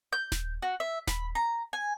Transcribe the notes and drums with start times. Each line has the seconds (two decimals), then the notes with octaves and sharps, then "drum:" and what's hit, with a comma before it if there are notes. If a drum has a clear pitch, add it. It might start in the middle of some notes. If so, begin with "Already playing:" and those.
0.13 G6
0.32 drum: snare D#1
0.62 F#4
0.80 E5
1.07 B5, drum: snare D#1
1.35 A#5
1.73 G#5